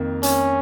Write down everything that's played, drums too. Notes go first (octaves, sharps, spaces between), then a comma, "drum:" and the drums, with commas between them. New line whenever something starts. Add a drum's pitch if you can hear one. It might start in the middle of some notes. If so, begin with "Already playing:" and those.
Already playing: F2 D#3 A#3
C#4, drum: hi-hat